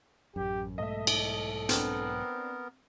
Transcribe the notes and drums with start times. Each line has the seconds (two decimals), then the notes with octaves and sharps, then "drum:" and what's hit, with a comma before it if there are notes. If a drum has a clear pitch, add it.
0.36 A1 F#2 G4
0.78 B1 G#2 A3 A4 D#5 E5
1.07 drum: cymbal
1.69 B3 C4 D4 A#4, drum: hi-hat